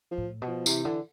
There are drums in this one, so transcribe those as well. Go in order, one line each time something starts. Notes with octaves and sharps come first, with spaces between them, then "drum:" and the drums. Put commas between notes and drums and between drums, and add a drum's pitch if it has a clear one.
F3
A2
B2
F3
C3 E3, drum: tambourine
D3 E3